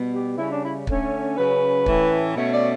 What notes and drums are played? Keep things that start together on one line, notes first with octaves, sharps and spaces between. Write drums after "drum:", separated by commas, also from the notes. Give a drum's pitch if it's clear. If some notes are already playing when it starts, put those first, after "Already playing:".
Already playing: B2 G3 B3
G4
C#3 G3 C#4 E4
D4
E4
D3 A3 C#4, drum: kick
C#3 F#3 C#4 B4
A2 E3 A3 C#4, drum: kick
B2 A3 C#4 C#5
D5